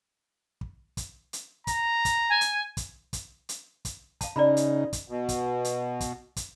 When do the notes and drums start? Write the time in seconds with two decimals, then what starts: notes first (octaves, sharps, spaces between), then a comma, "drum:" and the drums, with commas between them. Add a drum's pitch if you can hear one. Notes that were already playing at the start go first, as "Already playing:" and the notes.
0.61 drum: kick
0.97 drum: kick, hi-hat
1.33 drum: hi-hat
1.67 A#5, drum: kick, hi-hat
2.05 drum: kick, hi-hat
2.29 G#5
2.41 drum: hi-hat
2.77 drum: kick, hi-hat
3.13 drum: kick, hi-hat
3.49 drum: hi-hat
3.85 drum: kick, hi-hat
4.21 F5 A5, drum: kick, hi-hat
4.36 C#3 D#4 D5 A#5 B5
4.57 drum: hi-hat
4.93 drum: kick, hi-hat
5.08 B2
5.29 drum: kick, hi-hat
5.65 drum: hi-hat
6.00 drum: kick, hi-hat
6.36 drum: kick, hi-hat